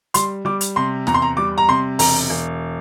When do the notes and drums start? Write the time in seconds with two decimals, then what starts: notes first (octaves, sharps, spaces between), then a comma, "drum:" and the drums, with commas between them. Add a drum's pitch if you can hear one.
0.14 G3 C6, drum: hi-hat
0.45 G3 D6
0.61 drum: hi-hat
0.76 C3 C6
1.07 E2 A#5, drum: snare
1.14 C6
1.22 A#5
1.37 G3 D6
1.58 A#5
1.68 C3 C6
1.99 E1 A#5, drum: open hi-hat
2.30 E1